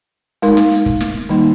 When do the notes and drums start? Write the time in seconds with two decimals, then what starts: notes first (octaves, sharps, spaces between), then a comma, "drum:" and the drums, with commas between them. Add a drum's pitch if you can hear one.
0.42 G#3 D#4 A#4, drum: hi-hat
0.57 drum: snare
0.71 drum: hi-hat
0.86 drum: kick
1.00 drum: snare
1.29 D#3 G3 A#3 D#4